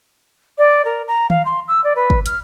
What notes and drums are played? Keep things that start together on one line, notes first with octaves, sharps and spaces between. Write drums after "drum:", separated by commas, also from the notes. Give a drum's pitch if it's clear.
D5
A#4
A#5
F5, drum: tom D#3
C6
E6
D5
B4
drum: kick
F6, drum: hi-hat